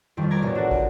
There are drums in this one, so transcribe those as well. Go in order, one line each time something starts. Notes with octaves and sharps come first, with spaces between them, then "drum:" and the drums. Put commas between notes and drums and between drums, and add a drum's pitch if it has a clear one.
F2 D#3 F3 G3
A#4 D5 A#5 G#6
A1 B2
D4 F#4 A4 A#4
C#2, drum: kick